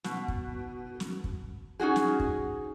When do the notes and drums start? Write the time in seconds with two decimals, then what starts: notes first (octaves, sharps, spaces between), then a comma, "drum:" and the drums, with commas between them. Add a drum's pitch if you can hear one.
0.04 B2, drum: snare
0.28 drum: kick
1.00 drum: snare
1.24 drum: kick
1.80 C#4 D#4 F#4 G#4
1.96 drum: snare
2.20 drum: kick